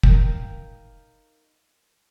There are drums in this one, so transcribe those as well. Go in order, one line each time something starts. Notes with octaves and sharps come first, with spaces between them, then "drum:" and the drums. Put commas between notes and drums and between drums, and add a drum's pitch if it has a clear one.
D#4 A#4 F5 G5, drum: kick